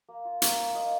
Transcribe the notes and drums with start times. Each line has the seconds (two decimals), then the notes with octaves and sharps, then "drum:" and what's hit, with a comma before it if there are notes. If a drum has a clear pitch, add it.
0.09 A#3
0.25 F4
0.42 A#3 A#4, drum: hi-hat
0.59 F4
0.75 A#3 D#5